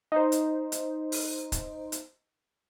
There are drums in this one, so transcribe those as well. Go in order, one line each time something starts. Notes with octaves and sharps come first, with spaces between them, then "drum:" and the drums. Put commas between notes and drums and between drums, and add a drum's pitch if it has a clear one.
D#4 C5
drum: hi-hat
drum: hi-hat
drum: open hi-hat
drum: kick, hi-hat
drum: hi-hat